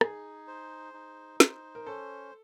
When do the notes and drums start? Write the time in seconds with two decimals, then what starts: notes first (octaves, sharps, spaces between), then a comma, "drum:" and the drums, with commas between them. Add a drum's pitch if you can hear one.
0.01 D#4 G#4, drum: rim click
0.48 C5
0.94 D#4
1.40 C5, drum: snare
1.75 A#4
1.86 C#4 A4